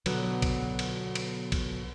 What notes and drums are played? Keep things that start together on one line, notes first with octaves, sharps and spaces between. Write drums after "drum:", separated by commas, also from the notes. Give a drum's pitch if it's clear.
B2 D3 F#3 B3, drum: cymbal
drum: kick A#1, cymbal
drum: cymbal
drum: cymbal
drum: kick A#1, cymbal